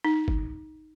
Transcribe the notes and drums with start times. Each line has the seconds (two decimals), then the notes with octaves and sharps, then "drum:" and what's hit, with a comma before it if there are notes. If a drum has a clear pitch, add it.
0.05 D#4
0.28 drum: kick